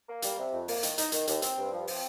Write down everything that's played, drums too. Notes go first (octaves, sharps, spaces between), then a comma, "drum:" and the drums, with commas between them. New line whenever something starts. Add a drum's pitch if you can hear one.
A#3
G3, drum: hi-hat
C3
F2
A#3, drum: open hi-hat
D#3, drum: hi-hat
D#4, drum: hi-hat
D#3, drum: hi-hat
D#2, drum: hi-hat
C4, drum: hi-hat
G2
F3
C4, drum: open hi-hat